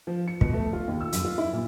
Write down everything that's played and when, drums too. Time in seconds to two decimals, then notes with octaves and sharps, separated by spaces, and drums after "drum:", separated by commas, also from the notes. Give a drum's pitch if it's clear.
0.07 F3
0.28 C#7
0.41 B2, drum: kick
0.53 A3
0.73 F4
0.87 D#2
1.01 E6
1.12 F#2, drum: hi-hat
1.25 F4
1.38 E4
1.53 A#2